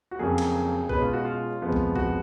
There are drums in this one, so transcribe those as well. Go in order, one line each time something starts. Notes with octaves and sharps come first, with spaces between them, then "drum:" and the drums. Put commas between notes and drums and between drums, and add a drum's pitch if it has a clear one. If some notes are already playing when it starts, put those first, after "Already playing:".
F#4
F2 C#3 F#3 A#3 G#4
drum: cymbal
B2 G#3 C#4 B4, drum: kick
F4
F#4
F4
F2 F3 G#3 B3
drum: kick
F#4, drum: kick